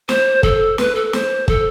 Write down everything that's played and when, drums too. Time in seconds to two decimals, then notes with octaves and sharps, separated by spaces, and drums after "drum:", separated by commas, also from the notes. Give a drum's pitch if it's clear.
0.09 C5, drum: snare
0.43 A4, drum: kick
0.78 B4, drum: snare
0.95 A4
1.13 C5, drum: snare
1.48 A4, drum: kick